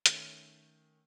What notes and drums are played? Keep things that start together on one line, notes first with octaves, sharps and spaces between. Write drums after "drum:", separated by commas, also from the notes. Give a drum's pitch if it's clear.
D#3 A3 C#4, drum: hi-hat